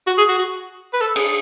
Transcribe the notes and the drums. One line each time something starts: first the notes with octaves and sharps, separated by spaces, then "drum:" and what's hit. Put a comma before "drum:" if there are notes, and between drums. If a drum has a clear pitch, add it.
F#4
G#4
F#4
F#4
B4
A4
G#4, drum: cymbal